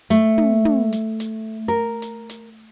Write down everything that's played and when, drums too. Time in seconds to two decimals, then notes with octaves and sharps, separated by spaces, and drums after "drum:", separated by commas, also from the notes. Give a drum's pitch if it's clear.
0.10 A3, drum: hi-hat
0.38 drum: tom
0.65 drum: tom
0.92 drum: hi-hat
1.20 drum: hi-hat
1.68 A#4
2.02 drum: hi-hat
2.29 drum: hi-hat